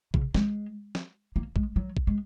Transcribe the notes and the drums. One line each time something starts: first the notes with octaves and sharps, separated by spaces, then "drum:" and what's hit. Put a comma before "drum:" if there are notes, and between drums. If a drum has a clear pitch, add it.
C#3, drum: kick
G#3, drum: snare
drum: snare
A#3
G#3, drum: kick
F#3
drum: kick
G#3